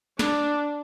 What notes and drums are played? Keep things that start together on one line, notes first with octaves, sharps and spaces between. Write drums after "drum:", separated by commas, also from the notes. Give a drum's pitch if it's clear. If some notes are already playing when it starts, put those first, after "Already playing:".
D4, drum: snare